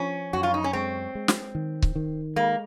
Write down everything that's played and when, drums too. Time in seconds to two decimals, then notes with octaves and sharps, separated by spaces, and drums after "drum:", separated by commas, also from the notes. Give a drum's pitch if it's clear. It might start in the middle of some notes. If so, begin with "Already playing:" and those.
Already playing: F3 C#4
0.33 F#2 F#4
0.43 F4
0.54 D#4
0.64 C#4
0.73 G#3 C4
1.15 G#3
1.28 drum: snare
1.55 D#3
1.82 drum: kick C#1
1.95 D#3
2.36 G#3 A#3